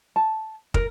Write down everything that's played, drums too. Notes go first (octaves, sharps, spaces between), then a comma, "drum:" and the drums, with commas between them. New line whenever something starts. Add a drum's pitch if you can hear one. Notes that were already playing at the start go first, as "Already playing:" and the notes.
A5
A#4, drum: kick